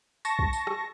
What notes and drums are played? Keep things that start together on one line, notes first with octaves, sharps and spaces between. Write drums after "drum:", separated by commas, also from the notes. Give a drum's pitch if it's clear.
A5 C#6 A#6, drum: tambourine
drum: kick
drum: tambourine
drum: rim click